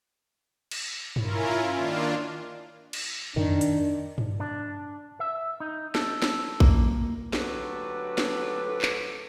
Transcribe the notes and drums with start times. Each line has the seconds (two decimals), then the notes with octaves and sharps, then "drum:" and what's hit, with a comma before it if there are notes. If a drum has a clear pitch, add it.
0.71 drum: cymbal
1.16 C#4 E4 F4 A#4, drum: tom G2
1.75 D#3 A#3 D4 F4
2.93 drum: cymbal
3.36 D#3 D4, drum: tom F2
3.61 drum: hi-hat
4.18 drum: tom G2
4.40 D4
5.20 E5
5.60 D#4
5.95 A4, drum: snare
6.22 drum: snare
6.60 A#3, drum: kick A1
7.33 D2 F#3 G4 A4 B4, drum: snare
8.18 drum: snare
8.82 drum: clap